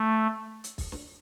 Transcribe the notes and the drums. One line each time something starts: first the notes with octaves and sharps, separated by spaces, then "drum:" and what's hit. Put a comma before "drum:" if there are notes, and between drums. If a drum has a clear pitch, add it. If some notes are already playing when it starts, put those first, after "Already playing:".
Already playing: A3
drum: hi-hat
drum: kick, open hi-hat
drum: snare